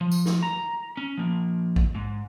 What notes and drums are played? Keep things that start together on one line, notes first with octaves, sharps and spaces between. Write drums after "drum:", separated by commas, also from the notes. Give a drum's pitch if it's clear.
F3
drum: tambourine
drum: snare
A#5
C#4
F3 A#3
drum: kick A1
G#2